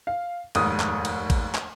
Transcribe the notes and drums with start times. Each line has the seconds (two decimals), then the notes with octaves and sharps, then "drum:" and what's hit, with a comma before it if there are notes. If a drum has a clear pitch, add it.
0.07 F5
0.55 F1 D#2 G#2 D#6, drum: cymbal
0.80 drum: clap
1.05 drum: cymbal
1.30 drum: kick A1, cymbal
1.55 drum: clap